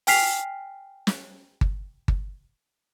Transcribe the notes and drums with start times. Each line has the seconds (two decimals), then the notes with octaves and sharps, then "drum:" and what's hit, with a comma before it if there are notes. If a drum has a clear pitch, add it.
0.07 G5 G#5 F6 B6 C7 F7, drum: open hi-hat
1.07 drum: snare
1.61 drum: kick G1
2.08 drum: kick G1